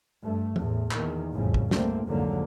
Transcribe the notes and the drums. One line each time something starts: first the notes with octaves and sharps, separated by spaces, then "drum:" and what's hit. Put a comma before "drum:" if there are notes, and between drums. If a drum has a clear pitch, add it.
G2 A3
E2 A2, drum: tom
E2 A#2 D#3, drum: clap
A1 F2 A2 C#3 G3
drum: kick
C2 G2 D3 A3 A#3 C4, drum: snare
C2 F2 G#2 D3 F#3 A#3